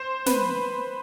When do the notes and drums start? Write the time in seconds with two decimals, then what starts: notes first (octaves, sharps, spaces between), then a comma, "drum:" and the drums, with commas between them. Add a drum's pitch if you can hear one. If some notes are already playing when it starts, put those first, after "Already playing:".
Already playing: C5
0.26 B4, drum: snare